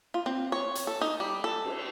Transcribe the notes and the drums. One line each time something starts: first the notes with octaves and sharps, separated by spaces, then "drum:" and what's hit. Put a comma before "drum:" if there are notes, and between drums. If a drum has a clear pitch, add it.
F4
C4
C#5
drum: hi-hat
A4
D#4
G3
A4
drum: cymbal